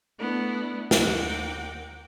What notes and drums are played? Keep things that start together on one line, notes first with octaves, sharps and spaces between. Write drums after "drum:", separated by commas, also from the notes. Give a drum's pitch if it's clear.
A3 B3 D4 E4
D#2 A#4 F#5 G5 D6, drum: snare